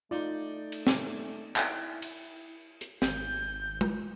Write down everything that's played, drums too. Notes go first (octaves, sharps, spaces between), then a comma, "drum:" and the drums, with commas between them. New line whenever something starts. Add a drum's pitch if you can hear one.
A3 D#4 F4 D5
drum: cymbal
drum: snare
E4 G5 G#5, drum: clap
drum: cymbal
drum: hi-hat
G#1 G6, drum: snare
drum: tom